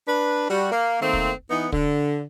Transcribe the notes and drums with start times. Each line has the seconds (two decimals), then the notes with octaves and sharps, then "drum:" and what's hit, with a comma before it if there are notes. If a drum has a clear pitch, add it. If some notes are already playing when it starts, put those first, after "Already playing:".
0.08 D4 B4
0.50 G3 F#4
0.72 A#3
1.01 D#3 A3 A#3 C4
1.13 drum: kick
1.50 E3 B3 D#4
1.72 D3, drum: kick